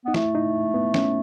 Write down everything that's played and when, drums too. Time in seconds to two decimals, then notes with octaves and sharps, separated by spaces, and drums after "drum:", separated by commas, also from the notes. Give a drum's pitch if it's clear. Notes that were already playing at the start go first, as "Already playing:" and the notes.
0.05 B3 D#4
0.14 A3 E4, drum: snare
0.35 D#4
0.74 B3
0.94 C#4, drum: snare